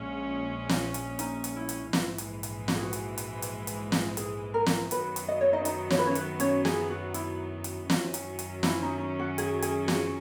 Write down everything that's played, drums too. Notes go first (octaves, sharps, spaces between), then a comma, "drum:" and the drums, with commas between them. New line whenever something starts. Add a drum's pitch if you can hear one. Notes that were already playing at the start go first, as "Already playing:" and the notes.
Already playing: A#1 A#2 G#3 C#4
drum: snare
drum: hi-hat
D#4, drum: hi-hat
drum: hi-hat
E4
drum: hi-hat
A#1 G#2 E3 G#3, drum: snare
drum: hi-hat
drum: hi-hat
F#4, drum: snare
G#4
F#4
drum: hi-hat
drum: hi-hat
drum: hi-hat
drum: hi-hat
drum: snare
G#4, drum: hi-hat
A#4
drum: snare
F#2 D#3 F#3 B3 B4, drum: hi-hat
drum: hi-hat
D#5
C#5
D#4 D#5
D#4 D#5, drum: hi-hat
C#5, drum: snare
B4
C#4 C#5
B4, drum: hi-hat
C#4 C#5, drum: hi-hat
G#4, drum: snare
F#4
E4, drum: hi-hat
drum: hi-hat
F#2 D#3 F#3 C#4, drum: snare
drum: hi-hat
drum: hi-hat
E4, drum: snare
D#4
D#4
F#4
G#4, drum: hi-hat
G#4, drum: hi-hat
G#4, drum: snare